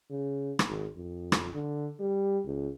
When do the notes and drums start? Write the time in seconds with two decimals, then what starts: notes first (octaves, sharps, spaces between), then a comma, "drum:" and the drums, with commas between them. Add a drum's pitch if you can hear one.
0.10 C#3
0.59 drum: rim click
0.68 G#1
0.97 F2
1.32 drum: rim click
1.54 D3
2.00 G3
2.45 C#2